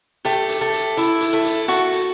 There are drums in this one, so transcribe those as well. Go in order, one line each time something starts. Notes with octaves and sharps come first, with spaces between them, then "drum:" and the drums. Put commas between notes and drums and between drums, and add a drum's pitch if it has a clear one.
A3 G4, drum: hi-hat
drum: hi-hat
A3
drum: hi-hat
E4, drum: hi-hat
drum: hi-hat
A3
drum: hi-hat
A3 F#4, drum: hi-hat
drum: hi-hat